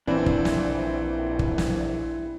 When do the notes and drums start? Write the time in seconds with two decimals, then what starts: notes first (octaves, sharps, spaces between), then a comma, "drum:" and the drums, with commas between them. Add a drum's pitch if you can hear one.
0.07 A#1 E3 C4 D4 E4
0.26 drum: kick
0.45 drum: snare
1.39 drum: kick
1.58 drum: snare